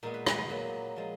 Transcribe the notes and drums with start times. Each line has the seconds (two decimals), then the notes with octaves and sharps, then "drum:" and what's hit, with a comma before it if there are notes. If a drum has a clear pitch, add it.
0.03 A#2 G#3 B3 A#4
0.14 B4
0.26 B4, drum: rim click
0.38 G#4
0.49 A#2 F#3 A#3 B4
0.96 A#2 F3 G#3